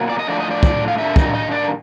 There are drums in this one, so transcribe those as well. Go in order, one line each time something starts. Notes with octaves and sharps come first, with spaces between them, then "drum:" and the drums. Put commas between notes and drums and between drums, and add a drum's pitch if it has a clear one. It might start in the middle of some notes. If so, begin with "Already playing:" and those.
Already playing: B2 F#3 A#3
D5
D#5
A2 F3 A3 D4 D5
D#5
D5
drum: kick
F5
D#3 G3 A#3 D4 E5
D#5, drum: kick
D#5
D5